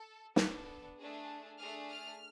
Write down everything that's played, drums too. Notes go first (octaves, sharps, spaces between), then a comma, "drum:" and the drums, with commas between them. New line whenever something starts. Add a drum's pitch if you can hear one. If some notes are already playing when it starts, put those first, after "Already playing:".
Already playing: A4
B3 D4 A4, drum: snare
A3 D4 G#4
A3 D4 G#4 F6
F6